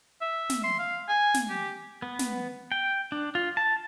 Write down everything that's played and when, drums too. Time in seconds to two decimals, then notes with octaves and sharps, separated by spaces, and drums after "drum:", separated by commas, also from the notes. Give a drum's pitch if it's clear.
0.21 E5
0.50 drum: snare
0.64 C6
0.79 F5
1.08 G#5
1.34 drum: snare
1.50 G4
2.02 B3
2.19 drum: snare
2.72 G5
3.12 D4
3.35 F4
3.57 A5